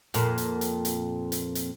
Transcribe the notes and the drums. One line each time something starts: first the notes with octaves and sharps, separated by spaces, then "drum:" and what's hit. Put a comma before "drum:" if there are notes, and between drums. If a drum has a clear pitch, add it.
F2 A#2, drum: hi-hat
drum: hi-hat
drum: hi-hat
drum: hi-hat
drum: hi-hat
drum: hi-hat